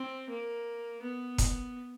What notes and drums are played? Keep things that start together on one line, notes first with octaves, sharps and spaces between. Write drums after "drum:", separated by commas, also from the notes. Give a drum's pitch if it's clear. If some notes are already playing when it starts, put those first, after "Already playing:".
Already playing: C4
A#3
B3
drum: kick F1, hi-hat